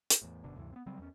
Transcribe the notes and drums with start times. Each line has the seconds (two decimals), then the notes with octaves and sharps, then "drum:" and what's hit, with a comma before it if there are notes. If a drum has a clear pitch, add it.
0.10 drum: hi-hat
0.22 E2 A2
0.44 F#1 B2 D3
0.56 D2 G2 C3 E3
0.72 B3 C4
0.86 C#3 F#3 G3 C4
0.99 E2 C#4